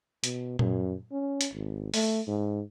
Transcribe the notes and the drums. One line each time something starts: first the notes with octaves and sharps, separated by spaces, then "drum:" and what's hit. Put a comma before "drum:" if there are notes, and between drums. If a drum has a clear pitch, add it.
B2, drum: hi-hat
F#2, drum: tom A#2
C#4
drum: hi-hat
G#1
A3, drum: open hi-hat
G#2